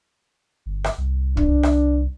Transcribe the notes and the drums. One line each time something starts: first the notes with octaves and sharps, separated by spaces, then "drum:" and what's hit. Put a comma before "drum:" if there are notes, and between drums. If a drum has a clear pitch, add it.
G1
drum: rim click
C2
D4, drum: kick
drum: rim click